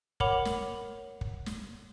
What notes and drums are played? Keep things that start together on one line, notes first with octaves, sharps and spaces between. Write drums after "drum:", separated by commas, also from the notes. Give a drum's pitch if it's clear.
A#4 C#5 F#5 B5 D6 F7, drum: kick
drum: snare
drum: kick
drum: snare